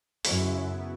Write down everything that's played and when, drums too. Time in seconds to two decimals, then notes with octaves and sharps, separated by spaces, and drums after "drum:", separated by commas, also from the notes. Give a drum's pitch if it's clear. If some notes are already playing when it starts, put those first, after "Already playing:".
0.25 F#2 E4, drum: open hi-hat
0.41 C#3
0.58 F#3
0.74 B3